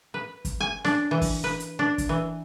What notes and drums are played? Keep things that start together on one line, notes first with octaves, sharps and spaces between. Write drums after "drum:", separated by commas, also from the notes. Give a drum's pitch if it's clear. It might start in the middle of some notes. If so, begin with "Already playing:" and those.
B4
drum: kick, hi-hat
G#5
D4, drum: snare
E3
drum: kick, open hi-hat
B4
drum: hi-hat
D4
drum: kick, hi-hat
E3